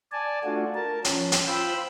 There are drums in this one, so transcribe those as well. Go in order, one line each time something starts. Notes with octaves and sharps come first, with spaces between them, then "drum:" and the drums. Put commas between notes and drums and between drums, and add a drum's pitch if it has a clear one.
D5 G#5 A5
A3 D4 F4 F#4
A#4 A5
F3 C#4, drum: hi-hat
drum: hi-hat
F4 C5 G5 B5 E6